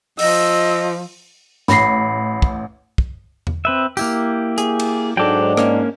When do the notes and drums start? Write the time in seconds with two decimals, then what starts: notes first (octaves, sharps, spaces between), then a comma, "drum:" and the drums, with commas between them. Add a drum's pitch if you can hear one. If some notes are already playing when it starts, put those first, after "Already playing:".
0.19 F3 D#5 E6, drum: open hi-hat
1.68 A1 B5 A#6 C7, drum: snare
2.42 drum: kick
2.98 drum: kick
3.47 drum: tom E2
3.65 C4 B4 E5
3.97 A#3 E4 G4, drum: tambourine
4.58 G#4, drum: hi-hat
4.80 drum: cymbal
5.17 G#2 F#3 D4 A4 G5 D6
5.57 A#3 C#4, drum: rim click